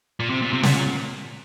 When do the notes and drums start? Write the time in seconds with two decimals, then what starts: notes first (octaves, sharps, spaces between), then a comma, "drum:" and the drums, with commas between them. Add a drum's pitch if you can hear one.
0.20 A#2
0.30 C3
0.42 A#2
0.53 C3
0.63 A#2, drum: snare